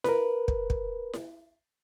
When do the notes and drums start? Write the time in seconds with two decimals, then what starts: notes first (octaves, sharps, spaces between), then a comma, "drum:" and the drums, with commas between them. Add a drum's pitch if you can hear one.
0.04 A#4 B4, drum: snare E4
0.48 drum: kick
0.70 drum: kick
1.13 drum: snare E4